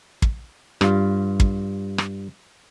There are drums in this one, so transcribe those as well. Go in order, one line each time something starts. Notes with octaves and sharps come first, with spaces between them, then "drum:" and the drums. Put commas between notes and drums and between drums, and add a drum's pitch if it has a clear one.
drum: kick
G2 F4, drum: rim click
drum: kick
drum: rim click